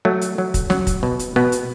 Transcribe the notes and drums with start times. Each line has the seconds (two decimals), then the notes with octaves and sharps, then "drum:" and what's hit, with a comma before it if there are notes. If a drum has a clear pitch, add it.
0.05 F#3 A3
0.21 drum: hi-hat
0.38 F#3
0.54 drum: kick, hi-hat
0.70 F#3, drum: snare
0.87 drum: kick, hi-hat
1.03 B2
1.19 drum: hi-hat
1.36 B2 B3
1.52 drum: hi-hat